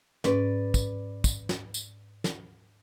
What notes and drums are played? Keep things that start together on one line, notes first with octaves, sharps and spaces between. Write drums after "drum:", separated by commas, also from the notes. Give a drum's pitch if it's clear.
G#2 C#4 B4 D5, drum: snare
drum: kick, tambourine
drum: kick, tambourine
drum: snare
drum: tambourine
drum: snare